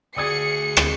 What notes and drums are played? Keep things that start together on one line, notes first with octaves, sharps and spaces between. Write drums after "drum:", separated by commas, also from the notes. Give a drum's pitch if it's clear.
D2 F#4 G#4 D5 D#6 G#6 C#7
drum: rim click